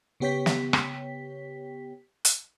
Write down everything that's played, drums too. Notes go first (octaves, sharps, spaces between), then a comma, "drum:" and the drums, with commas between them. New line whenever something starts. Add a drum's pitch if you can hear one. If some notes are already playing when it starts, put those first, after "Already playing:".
C#3 B3 G4 C#5 G5 B6
drum: snare
drum: rim click
drum: hi-hat